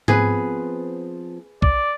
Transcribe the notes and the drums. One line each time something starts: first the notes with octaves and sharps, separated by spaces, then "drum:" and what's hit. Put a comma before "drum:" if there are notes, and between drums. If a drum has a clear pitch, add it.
F3 B3 C4 G#4 B4, drum: tom G#2
D5, drum: kick